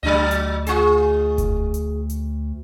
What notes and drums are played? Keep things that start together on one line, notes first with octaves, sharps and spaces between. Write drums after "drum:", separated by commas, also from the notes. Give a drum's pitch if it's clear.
D2 F#3 D4 D#5
drum: hi-hat
F4 G#4, drum: hi-hat
drum: kick E1, hi-hat
drum: hi-hat
drum: hi-hat